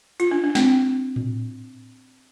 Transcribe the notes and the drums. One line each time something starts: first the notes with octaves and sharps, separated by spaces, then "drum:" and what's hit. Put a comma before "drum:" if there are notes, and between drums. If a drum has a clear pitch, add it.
F4, drum: hi-hat
D4
D4
C4, drum: snare
drum: tom A2